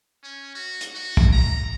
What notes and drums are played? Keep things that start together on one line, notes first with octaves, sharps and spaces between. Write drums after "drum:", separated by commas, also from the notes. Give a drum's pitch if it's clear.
C#4
F#4
drum: hi-hat
F#4
drum: kick
A#5